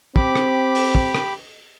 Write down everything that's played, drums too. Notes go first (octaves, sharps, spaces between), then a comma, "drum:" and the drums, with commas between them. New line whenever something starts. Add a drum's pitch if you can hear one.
C4 G4 B5 D6, drum: kick
drum: rim click
drum: open hi-hat
drum: kick
drum: rim click